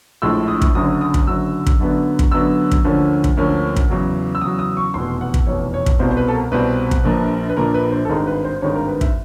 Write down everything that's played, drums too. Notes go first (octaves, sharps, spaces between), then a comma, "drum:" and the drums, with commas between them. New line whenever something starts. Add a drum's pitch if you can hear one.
A#1 A2 F3 G#3 E6
D#6
drum: kick
F#1 F#2 D3 F#3 D#6
D#6
drum: kick
F#1 F#2 D3 F#3 E6
drum: kick
F#2 D3 F#3 B3 D4
drum: kick
F#2 D3 F#3 B3 D4 E6
drum: kick
D2 D3 F3 A#3 C#4
drum: kick
D2 D3 F3 A#3 C#4
drum: kick
E2 C#3 F#3
E6
E2 C#3 F#3 D#6
D#6
C#6
F1 E2 B2 C6
F#5
drum: kick
F1 E2 B2 C#5
C#5
drum: kick
C2 B2 G3 C4 C5
C5
B4
A4
A#4
C2 B2 G3 C4 B4
drum: kick
A#1 A#2 F3 A#3 D4
B4
A#1 A#2 F3 A#3 D4 A#4
B4
C5
A4
G#1 G2 D#3 G#3 A#4
B4
C5
G#1 G2 D#3 G#3 C#5
A#4
B4
E5, drum: kick